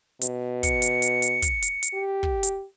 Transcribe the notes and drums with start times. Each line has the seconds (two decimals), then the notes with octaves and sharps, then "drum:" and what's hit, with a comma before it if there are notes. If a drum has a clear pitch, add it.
0.21 B2, drum: hi-hat
0.63 C#7, drum: kick, hi-hat
0.82 drum: hi-hat
1.02 drum: hi-hat
1.22 drum: hi-hat
1.42 drum: kick, hi-hat
1.62 drum: hi-hat
1.83 drum: hi-hat
1.94 G4
2.23 drum: kick
2.43 drum: hi-hat